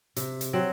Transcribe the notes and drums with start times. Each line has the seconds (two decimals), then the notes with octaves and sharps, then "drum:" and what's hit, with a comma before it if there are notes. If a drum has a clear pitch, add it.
0.16 C3, drum: hi-hat
0.41 drum: hi-hat
0.53 F#3 C4